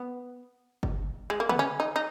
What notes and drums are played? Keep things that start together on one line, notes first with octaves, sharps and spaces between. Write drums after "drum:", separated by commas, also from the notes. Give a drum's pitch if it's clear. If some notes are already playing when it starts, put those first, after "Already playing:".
Already playing: B3
drum: kick F#1
G#3
A#3
B3, drum: tom
C#4
D#4
D#4